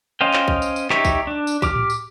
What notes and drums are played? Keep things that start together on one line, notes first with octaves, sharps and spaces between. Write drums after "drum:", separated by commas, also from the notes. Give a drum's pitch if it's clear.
C#4 C5 D#5 F5 G5
drum: clap
drum: kick B1
drum: tambourine
drum: tambourine
D#4 G4 C#5 E5, drum: clap
drum: kick B1, tambourine
D4
drum: tambourine
G4 D6 F6, drum: kick B1, tambourine
drum: tom A2
drum: tambourine